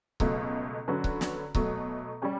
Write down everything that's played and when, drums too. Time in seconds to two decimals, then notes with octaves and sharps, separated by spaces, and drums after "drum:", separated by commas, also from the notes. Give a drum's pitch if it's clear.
0.20 C#2 B2 F#3 A3, drum: kick C#1
0.88 D3 F#3 C#4 F#4 B4
1.04 drum: kick C#1
1.21 drum: snare
1.55 B2 F#3 A3, drum: kick C#1
2.22 G3 C#4 G4